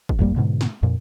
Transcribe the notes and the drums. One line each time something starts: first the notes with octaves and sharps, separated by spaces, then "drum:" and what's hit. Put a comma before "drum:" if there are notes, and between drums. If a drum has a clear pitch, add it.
drum: kick
A1 F2 G3 A#3
G#2 B2 D3
drum: snare
F2 A#2